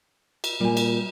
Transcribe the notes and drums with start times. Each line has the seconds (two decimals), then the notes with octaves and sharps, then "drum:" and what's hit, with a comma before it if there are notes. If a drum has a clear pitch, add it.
0.44 drum: cymbal
0.60 A#2 G3 G#5
0.77 drum: cymbal